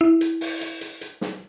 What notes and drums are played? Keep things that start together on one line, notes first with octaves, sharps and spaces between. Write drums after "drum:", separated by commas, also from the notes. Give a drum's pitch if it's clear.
E4
drum: hi-hat
drum: open hi-hat
drum: hi-hat
drum: hi-hat
drum: hi-hat
drum: snare